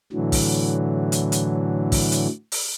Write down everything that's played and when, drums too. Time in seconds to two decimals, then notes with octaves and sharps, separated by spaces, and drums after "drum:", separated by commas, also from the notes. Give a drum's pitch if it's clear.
0.12 A2 D3 E3 F#3
0.32 drum: kick, open hi-hat
1.12 drum: hi-hat
1.32 drum: hi-hat
1.92 drum: kick, open hi-hat
2.12 drum: hi-hat
2.52 drum: open hi-hat